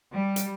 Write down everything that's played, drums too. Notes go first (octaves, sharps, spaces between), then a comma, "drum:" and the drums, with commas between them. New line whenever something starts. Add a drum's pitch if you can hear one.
G3
drum: hi-hat